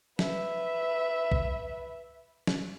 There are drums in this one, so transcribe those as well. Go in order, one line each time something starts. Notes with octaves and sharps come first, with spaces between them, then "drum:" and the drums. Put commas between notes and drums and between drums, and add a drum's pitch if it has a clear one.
B4 E5, drum: snare
drum: kick
drum: snare